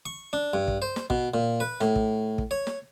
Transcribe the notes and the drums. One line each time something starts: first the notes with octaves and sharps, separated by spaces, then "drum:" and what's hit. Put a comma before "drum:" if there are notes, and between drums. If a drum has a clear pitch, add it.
C#6
D4
G2
drum: kick
C5
drum: snare
B2, drum: kick
A#2
B4
A2, drum: snare
drum: kick
drum: kick
C#5
drum: snare